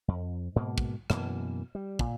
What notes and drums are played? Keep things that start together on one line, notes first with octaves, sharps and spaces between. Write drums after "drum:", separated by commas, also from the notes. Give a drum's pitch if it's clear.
F2
G#2 B2 A#3
drum: kick
F#2 B2 E3 A#3, drum: rim click
G3
A#2, drum: kick